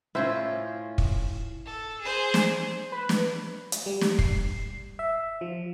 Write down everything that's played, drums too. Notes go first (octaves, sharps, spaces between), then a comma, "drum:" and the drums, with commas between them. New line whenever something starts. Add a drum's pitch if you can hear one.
A2 C#4 E4 F4 C5
drum: kick
A4
G#4 C5
drum: snare
B4
drum: snare
drum: hi-hat
G3
drum: snare
C7, drum: kick
E5
F3